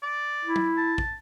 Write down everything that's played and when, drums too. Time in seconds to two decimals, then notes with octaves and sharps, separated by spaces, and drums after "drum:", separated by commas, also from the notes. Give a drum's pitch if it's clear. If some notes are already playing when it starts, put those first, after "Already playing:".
0.03 D5
0.45 E4
0.56 drum: tom
0.77 A5
0.98 drum: kick